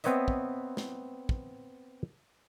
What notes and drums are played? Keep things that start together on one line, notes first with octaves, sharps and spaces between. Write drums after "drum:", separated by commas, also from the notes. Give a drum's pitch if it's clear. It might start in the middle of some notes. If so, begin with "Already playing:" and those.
B3 C4 B4 C#5 D#5 E5, drum: hi-hat
drum: kick
drum: snare
drum: kick